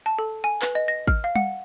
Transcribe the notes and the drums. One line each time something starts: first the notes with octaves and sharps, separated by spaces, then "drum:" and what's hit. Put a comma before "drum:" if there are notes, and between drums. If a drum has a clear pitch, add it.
A5
A4
G#5
B4, drum: clap
D#5
A#6
F6, drum: kick G#1
F5
F#5, drum: tom G3